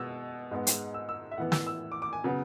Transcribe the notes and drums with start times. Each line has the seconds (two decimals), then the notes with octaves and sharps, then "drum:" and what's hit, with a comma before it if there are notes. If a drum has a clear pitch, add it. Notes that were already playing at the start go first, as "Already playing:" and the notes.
Already playing: B2 G#3 B3 E6
0.51 G#2 G#3 B3
0.67 drum: hi-hat
0.94 E6
1.09 E6
1.31 E5
1.37 A2 E3 B3 F#5
1.52 E6, drum: snare
1.67 E6
1.92 D6
2.02 D6
2.13 G#5
2.24 C#3 F#3 B3